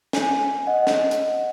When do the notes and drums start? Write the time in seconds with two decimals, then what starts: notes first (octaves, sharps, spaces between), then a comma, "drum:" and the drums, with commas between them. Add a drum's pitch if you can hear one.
0.13 G#5, drum: snare
0.67 D#5 F#5
0.87 drum: snare
1.11 drum: hi-hat